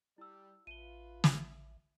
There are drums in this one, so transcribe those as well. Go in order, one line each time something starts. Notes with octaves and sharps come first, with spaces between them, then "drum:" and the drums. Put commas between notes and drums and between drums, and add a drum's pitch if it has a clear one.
G3 E4 E6
A1 F4 B4 D#7 G7
drum: snare